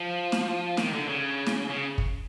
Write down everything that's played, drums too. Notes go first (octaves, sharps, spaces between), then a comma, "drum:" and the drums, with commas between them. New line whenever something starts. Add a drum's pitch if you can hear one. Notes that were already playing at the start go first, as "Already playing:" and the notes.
Already playing: F3
drum: snare
D#3, drum: snare
D3
C#3
drum: snare
C#3
drum: kick